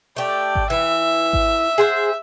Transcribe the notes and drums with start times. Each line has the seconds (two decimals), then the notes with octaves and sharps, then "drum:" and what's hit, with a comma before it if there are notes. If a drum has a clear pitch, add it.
0.17 A3 G4 D5
0.55 drum: kick G#1
0.70 E3 E5
1.33 drum: kick G#1
1.78 G#4 C5 F#5